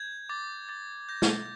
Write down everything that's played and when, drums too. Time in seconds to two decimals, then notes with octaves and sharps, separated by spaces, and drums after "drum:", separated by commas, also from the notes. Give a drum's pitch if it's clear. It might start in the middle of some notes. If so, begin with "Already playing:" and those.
Already playing: G6 G#6
0.29 D6 A6
0.69 D6 A6
1.09 G6 A#6
1.22 drum: snare